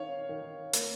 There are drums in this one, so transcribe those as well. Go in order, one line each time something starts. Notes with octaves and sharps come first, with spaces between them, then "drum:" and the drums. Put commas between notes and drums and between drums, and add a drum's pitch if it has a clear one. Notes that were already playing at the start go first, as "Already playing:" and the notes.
Already playing: D#3 C#5 F5
D#3
A#3, drum: hi-hat